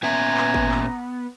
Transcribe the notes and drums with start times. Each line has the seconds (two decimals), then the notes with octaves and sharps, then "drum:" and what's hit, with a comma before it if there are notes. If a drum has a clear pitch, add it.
0.03 A#2 B3 C#4 E5 G#5 A#5
0.37 drum: clap
0.54 drum: kick G#1
0.71 drum: clap